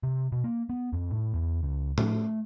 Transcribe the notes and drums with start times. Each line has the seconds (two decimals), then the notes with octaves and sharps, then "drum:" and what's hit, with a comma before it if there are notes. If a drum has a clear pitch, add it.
0.03 C3
0.32 B2
0.44 A#3
0.69 B3
0.93 F2
1.10 A2
1.34 E2
1.63 C#2
1.98 A3, drum: tom A2